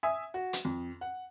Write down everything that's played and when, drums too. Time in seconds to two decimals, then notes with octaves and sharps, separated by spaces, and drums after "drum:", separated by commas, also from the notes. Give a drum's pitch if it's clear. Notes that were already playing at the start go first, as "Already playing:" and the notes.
0.03 E5 G#5 D#6
0.34 F#4
0.53 drum: hi-hat
0.65 F2
1.01 F#5